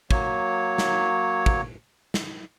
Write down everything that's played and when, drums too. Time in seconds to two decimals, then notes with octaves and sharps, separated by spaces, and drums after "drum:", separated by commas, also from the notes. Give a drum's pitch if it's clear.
0.11 F#3 A#3 C#5, drum: kick
0.78 drum: snare
1.46 drum: kick
2.14 drum: snare